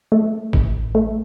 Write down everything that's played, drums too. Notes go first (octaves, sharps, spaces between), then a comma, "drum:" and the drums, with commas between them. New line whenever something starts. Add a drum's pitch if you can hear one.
A3
A1, drum: kick
A3